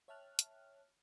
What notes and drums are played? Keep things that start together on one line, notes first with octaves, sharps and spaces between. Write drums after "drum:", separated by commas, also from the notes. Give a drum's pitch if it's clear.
C#5 E5 G5 A5 F6 F#6
drum: hi-hat